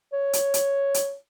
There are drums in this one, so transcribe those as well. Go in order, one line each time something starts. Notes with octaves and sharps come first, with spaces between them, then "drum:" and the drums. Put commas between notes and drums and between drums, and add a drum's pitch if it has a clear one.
C#5
drum: hi-hat
drum: hi-hat
drum: hi-hat